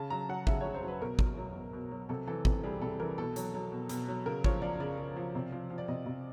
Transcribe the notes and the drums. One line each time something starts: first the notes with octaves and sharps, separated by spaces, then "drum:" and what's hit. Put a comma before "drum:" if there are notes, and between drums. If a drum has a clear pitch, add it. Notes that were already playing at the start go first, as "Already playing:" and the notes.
Already playing: C#3 A5
F#3 A#5
F#3 F#5
C#3 E5, drum: kick G#1
C#3 C#5
C5
F#3 B4
B2 A#4
F#3, drum: kick G#1
F#3
B2
B2
F#3
C3 A4
E3 A4
C3, drum: kick G#1
G3 G#4
C3 A4
E3 A#4
B2 A4
F#3, drum: hi-hat
F#3
B2
B2, drum: hi-hat
F#3
C#3 A#4
F3 C#5, drum: kick G#1
F3 D5
C#3 D5
C#3
F3
C3
F3
F3
D5
C3 D#5
C3